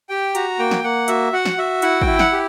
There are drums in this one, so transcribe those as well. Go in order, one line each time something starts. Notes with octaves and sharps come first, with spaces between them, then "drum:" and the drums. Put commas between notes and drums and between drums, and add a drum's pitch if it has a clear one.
G4 G5
F#4 A#5, drum: hi-hat
A#3 G5
drum: snare
A#3 F#5
F#4 E5, drum: hi-hat
F#4 F#5
drum: snare
F#4 E5
E4 F#5, drum: hi-hat
G5, drum: kick
E4
F#5, drum: snare
G4